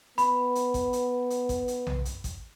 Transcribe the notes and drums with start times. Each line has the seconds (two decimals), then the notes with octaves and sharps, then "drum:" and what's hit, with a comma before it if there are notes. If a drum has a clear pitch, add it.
0.18 B3 B5, drum: hi-hat
0.55 drum: hi-hat
0.74 drum: kick, hi-hat
0.93 drum: hi-hat
1.30 drum: hi-hat
1.49 drum: kick, hi-hat
1.68 drum: hi-hat
1.87 drum: tom B1
2.05 drum: hi-hat
2.24 drum: kick, hi-hat